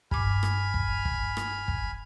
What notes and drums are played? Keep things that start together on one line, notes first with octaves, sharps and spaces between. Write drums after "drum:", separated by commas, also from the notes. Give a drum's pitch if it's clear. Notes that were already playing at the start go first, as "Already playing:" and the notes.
G2 G#5 B5 D6 F6, drum: kick
drum: rim click
drum: kick
drum: kick
drum: rim click
drum: kick